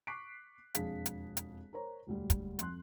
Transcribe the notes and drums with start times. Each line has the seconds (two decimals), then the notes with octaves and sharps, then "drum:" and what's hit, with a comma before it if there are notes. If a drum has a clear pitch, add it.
0.07 C#6 D6 F#6 B6 C7 D7
0.75 E1 F2 D4 G#4 F5 B6, drum: hi-hat
1.06 drum: hi-hat
1.37 drum: hi-hat
1.73 A#4 C5 C#5 A#5
2.06 E1 D2 G3
2.30 drum: kick, hi-hat
2.59 F2 C6 F#6, drum: hi-hat